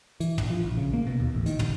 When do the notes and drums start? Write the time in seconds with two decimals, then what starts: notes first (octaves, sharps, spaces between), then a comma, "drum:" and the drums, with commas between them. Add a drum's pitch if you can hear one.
0.20 E3, drum: hi-hat
0.38 A#1, drum: tom
0.50 F3
0.64 A#1
0.77 C#3
0.93 A#3
1.07 B2
1.20 D#2
1.35 A1
1.46 D#3, drum: hi-hat
1.59 F#1, drum: tom